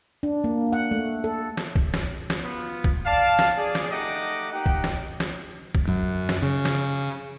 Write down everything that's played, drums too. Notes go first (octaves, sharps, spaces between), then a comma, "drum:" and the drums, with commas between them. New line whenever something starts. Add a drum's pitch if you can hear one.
D4
A#3
F#5
A3
A4
drum: snare
drum: kick
drum: snare
drum: snare
B3 F4
drum: kick
D5 F5 A5
drum: snare
G#4 D5
drum: snare
A3 D#4 G4 D#5 F#5 D6
A#3 D#4 G4 F#5 G5
drum: kick
drum: snare
drum: snare
drum: kick
F#2
drum: snare
C#3
drum: snare